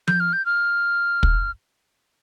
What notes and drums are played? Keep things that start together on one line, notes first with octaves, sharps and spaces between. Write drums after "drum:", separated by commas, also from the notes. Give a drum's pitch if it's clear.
G6, drum: tom F3
F6
G6
F6
drum: kick